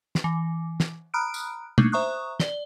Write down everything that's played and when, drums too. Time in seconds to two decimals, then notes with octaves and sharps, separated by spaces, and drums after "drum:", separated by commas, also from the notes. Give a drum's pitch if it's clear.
0.15 drum: snare
0.24 E3
0.80 drum: snare
1.14 A#5 B5 D#6 F6 F#6 D7
1.34 drum: tambourine
1.78 A3 A#3 D4 D#4, drum: tom
1.92 C5 E5 A#5 C#6 D#6 F#6
2.40 D5 G7, drum: snare